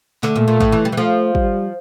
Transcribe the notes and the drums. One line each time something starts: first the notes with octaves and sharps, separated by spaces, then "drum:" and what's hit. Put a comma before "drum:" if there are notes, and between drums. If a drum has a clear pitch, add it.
D3 A3, drum: clap
A#2
A#2
A2, drum: kick
E3
G3
E3
F3 A3
G3, drum: kick